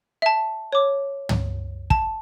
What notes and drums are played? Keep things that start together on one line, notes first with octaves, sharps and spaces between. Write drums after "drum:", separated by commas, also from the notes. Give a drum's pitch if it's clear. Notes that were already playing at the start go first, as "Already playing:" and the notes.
E5 A5
C#5 D6
drum: tom
A5, drum: kick